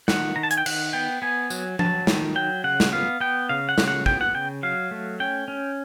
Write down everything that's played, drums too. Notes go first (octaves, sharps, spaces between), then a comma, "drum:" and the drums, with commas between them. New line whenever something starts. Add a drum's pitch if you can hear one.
D#3 F#5, drum: snare
D#3 A#5
A5
G#5, drum: hi-hat
G5
D#3 F#5, drum: cymbal
B3 G5
B3 G#5
F#3, drum: tambourine
F#3 A5, drum: tom F3
D#3, drum: snare
F#3 G5
C#3 F#5
drum: snare
B3 F5
B3 G5
C#3 F5
F#5
C#3, drum: snare
F#5
B3 G5, drum: kick
F#5
C#3 G5
F#3 F5
A3
C#4 G5
C#4